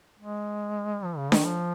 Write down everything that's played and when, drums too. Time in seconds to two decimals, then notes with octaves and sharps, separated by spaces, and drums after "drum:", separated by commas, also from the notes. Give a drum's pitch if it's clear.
0.19 G#3
1.04 F3
1.18 C#3
1.32 D#3, drum: snare D4
1.46 F3